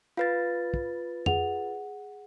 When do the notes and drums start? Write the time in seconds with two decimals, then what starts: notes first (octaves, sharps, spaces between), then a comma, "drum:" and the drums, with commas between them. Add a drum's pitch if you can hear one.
0.17 F4 B4 F5 A6
0.74 drum: kick
1.26 G#4 F#5 F7, drum: tom F2